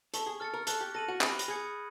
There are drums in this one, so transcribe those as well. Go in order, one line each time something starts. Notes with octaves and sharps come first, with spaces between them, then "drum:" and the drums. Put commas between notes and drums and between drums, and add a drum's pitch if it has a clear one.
A4 C#6, drum: hi-hat
G#4
A4 F6 A6 C#7
A#4
A4 F#6, drum: hi-hat
G4
A4 A#6 D#7 F#7
F#4
G4 B5, drum: clap
drum: hi-hat
G#4 D#6 G#6 C#7